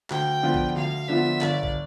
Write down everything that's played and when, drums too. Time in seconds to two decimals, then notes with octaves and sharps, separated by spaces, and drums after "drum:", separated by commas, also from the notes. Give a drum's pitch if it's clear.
0.10 D2 G5, drum: clap
0.43 D3 F3 B3 F4
0.54 drum: kick A1
0.76 D2 F5
1.08 D3 F3 B3 F4 E5
1.41 G1 D5, drum: clap
1.63 drum: kick A1